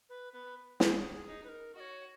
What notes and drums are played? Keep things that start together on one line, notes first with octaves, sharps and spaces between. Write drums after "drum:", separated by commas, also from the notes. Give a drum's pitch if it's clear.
B4
B3 B4
C#4 G#4, drum: snare
G#4
D#4
B4
A#4
F#4 D#5
C#5